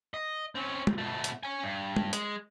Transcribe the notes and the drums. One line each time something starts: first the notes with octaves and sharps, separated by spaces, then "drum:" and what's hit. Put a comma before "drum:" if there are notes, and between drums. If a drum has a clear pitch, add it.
D#5
C4 C#4
drum: tom
B2 A3
drum: hi-hat
C#5 G#5
G2
drum: tom
G#3, drum: hi-hat